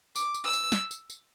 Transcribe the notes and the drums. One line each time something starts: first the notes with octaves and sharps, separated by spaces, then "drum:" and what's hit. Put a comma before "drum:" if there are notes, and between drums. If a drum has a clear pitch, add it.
D6, drum: tambourine
drum: tambourine
E6
drum: tambourine
drum: snare
drum: tambourine
drum: tambourine